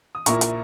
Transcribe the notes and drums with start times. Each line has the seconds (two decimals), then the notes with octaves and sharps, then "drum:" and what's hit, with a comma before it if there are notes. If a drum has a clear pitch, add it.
0.15 D#6
0.26 A#1 A#2 A#3 E4 A#5 C#6, drum: hi-hat
0.41 drum: hi-hat